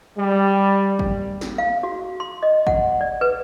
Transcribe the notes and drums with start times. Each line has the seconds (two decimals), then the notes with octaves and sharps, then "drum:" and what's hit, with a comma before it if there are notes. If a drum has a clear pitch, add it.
0.17 G3
0.99 drum: kick G#1
1.41 drum: snare
1.58 F5
1.83 F#4
2.20 C6
2.43 D#5
2.67 F#5, drum: kick G#1
3.01 D5
3.21 B4